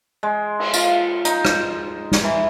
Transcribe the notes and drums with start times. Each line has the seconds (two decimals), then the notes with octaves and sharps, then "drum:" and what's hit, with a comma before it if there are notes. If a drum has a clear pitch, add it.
0.23 G#3
0.60 drum: cymbal
0.74 F4, drum: tambourine
1.25 D#4, drum: hi-hat
1.45 drum: rim click
2.12 drum: snare
2.24 E3